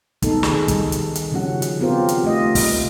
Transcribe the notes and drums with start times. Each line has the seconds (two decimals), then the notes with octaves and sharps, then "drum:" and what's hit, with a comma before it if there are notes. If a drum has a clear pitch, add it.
0.22 B3 D#4 A4, drum: kick, hi-hat
0.43 D#3 G#4, drum: snare
0.68 G3, drum: kick, hi-hat
0.92 drum: hi-hat
1.15 drum: hi-hat
1.32 C#3 F3 G3 C#4 F#4 F#5
1.62 drum: hi-hat
1.79 B3 C4 F4 G4 A#4 C5
2.09 drum: hi-hat
2.24 A3 F4 D#5
2.55 drum: kick, open hi-hat